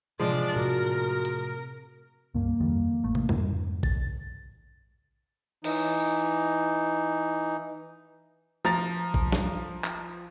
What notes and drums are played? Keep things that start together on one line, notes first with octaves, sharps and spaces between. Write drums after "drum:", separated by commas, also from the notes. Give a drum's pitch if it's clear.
A2 C3 E3 F3 G#3 D4 D5
A2 C3 F#4 A#4
drum: hi-hat
C#2 G2 A#3
F2 D#3 G3
A1 A3
drum: tom
F2 G#2 C#3, drum: tom G3
A6, drum: kick A1
E3 D#4, drum: cymbal
F3 A#5 A6
drum: kick A1
drum: snare
drum: clap